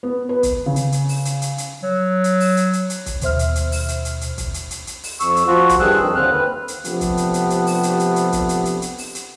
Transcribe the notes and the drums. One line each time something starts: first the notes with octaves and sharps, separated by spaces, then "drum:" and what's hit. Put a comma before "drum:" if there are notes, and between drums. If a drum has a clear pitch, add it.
B3
B4
drum: kick, hi-hat
C#3
drum: hi-hat
drum: hi-hat
drum: open hi-hat
drum: hi-hat
drum: hi-hat
drum: hi-hat
F#3
drum: hi-hat
drum: open hi-hat
drum: hi-hat
drum: hi-hat
drum: hi-hat
drum: kick, hi-hat
D#2 B2 C5 E5 F6, drum: hi-hat
drum: hi-hat
drum: hi-hat
drum: open hi-hat
drum: hi-hat
drum: hi-hat
drum: hi-hat
drum: kick, hi-hat
drum: hi-hat
drum: hi-hat
drum: hi-hat
drum: open hi-hat
F2 C#6 E6, drum: hi-hat
drum: hi-hat
F3 F4 F#4
drum: kick, hi-hat
G2 D#3 G3 G#4 E6 F#6
F2
D#2 D3 C4 F6 F#6
B4
drum: hi-hat
C3 F3 A3 B3 D4 G4, drum: hi-hat
drum: kick, hi-hat
drum: hi-hat
drum: hi-hat
drum: hi-hat
drum: open hi-hat
drum: hi-hat
drum: hi-hat
drum: hi-hat
drum: kick, hi-hat
drum: hi-hat
drum: hi-hat
drum: hi-hat
drum: open hi-hat
drum: hi-hat